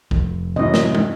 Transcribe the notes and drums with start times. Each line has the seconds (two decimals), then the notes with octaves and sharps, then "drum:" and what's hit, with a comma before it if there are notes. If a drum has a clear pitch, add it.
0.11 F1, drum: kick
0.56 F#2 A2 C3 E3 G3 C#4 D#5
0.74 drum: snare
0.95 drum: tom